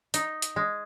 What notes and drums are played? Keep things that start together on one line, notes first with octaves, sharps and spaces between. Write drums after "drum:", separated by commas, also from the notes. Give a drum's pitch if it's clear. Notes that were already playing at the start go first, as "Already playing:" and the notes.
D#4, drum: hi-hat
drum: hi-hat
G#3